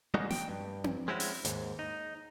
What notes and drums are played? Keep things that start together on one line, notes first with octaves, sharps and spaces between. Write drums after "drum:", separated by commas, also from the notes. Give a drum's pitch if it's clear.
G3 G#3 A#3 C#4 D#4 F#4
G5, drum: snare
G2
drum: tom C4
G#3 C4 C#4 E4 F#4
drum: open hi-hat
D#2 G#2, drum: hi-hat
D#4